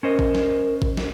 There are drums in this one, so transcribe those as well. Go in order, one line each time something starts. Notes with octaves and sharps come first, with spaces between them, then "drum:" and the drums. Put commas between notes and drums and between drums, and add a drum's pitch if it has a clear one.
C#4 A#4 C5 D#5
drum: kick A1
drum: snare
drum: kick A1
drum: snare